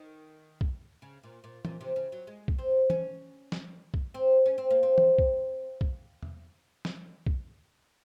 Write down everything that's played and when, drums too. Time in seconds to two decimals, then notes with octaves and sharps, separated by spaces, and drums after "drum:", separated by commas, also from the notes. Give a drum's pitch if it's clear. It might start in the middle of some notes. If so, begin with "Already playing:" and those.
Already playing: D#3
0.61 drum: kick
1.02 C#3
1.23 A#2
1.44 A#2
1.65 A#2, drum: tom
1.81 C3
1.96 C#3
2.12 F#3
2.27 G#3
2.48 drum: kick
2.58 C4
2.90 C#4, drum: tom
3.52 drum: snare
3.94 drum: kick
4.14 C4
4.46 C#4
4.58 C4
4.70 A#3
4.83 C4
4.98 drum: tom
5.19 drum: kick
5.81 drum: kick
6.23 drum: tom E2
6.85 drum: snare
7.27 drum: kick